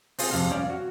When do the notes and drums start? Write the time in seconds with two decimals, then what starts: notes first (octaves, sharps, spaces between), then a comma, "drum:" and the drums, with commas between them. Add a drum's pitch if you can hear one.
0.19 C4 F4 G#4, drum: open hi-hat
0.31 F2 C3 F5
0.50 G3 C#4 D5 F5
0.70 F#4